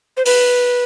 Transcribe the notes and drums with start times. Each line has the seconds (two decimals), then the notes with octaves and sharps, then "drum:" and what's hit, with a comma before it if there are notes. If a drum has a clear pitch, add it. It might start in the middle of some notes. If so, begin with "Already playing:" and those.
0.17 C5
0.25 B4, drum: open hi-hat